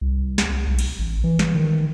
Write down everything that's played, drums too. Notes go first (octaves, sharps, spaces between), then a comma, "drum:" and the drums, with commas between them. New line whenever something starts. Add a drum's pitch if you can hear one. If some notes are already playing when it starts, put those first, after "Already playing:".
C2
drum: snare
B1
drum: cymbal
A1
E3
drum: snare
D#3